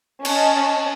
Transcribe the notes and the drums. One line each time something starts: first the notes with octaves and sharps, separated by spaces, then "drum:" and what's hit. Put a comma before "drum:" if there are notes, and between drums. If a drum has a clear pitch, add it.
C#4 D#5 A5, drum: cymbal